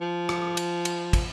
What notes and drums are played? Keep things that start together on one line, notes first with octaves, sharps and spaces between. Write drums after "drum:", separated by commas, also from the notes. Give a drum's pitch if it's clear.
F3
drum: rim click
drum: cymbal
drum: cymbal
drum: kick, cymbal